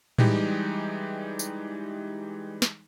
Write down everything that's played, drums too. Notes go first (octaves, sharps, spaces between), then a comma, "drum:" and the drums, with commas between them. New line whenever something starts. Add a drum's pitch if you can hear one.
E3 G3 G#3 D#4 G4, drum: tom A2
drum: tambourine
drum: snare